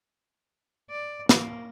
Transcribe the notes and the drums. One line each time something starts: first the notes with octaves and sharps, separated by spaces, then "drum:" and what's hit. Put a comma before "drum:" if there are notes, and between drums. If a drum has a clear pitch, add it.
D5
A#3, drum: snare